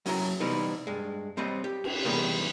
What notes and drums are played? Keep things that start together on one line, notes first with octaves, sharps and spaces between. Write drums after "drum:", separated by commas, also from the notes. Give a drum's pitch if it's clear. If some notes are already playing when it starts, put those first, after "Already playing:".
F#3 C#4 E4 A#5, drum: open hi-hat
C3 E3 G3 B3 D#4 E4
G2 G#3
G3 C4 C5 C#5 D#5
G4
drum: cymbal
C3 D#3 E3 G3 B3 G#4